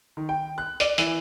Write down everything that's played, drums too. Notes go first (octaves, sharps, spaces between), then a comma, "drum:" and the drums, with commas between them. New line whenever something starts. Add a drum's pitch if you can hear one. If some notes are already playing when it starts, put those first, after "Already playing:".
D#3
G5
F#6
D5, drum: hi-hat
E3, drum: hi-hat